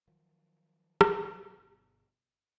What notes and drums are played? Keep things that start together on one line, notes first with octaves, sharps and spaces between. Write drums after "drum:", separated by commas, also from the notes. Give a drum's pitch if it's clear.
D#3 F3 F#3
G1 B2, drum: rim click